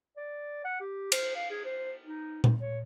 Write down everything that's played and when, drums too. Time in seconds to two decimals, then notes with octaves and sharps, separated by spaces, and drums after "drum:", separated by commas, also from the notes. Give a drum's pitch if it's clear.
0.17 D5
0.65 F#5
0.80 G4
1.12 C5, drum: cymbal
1.36 F5
1.51 G#4
1.65 C5
2.05 D#4
2.44 D#4, drum: tom A#2
2.61 C#5